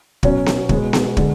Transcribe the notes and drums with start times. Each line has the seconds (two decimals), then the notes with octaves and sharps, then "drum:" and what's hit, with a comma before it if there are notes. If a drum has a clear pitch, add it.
0.23 B2 F#3 C#4 F#4, drum: kick
0.46 drum: snare B3
0.69 B2 G#3 B3, drum: kick
0.93 drum: snare B3
1.17 D3 G#3, drum: kick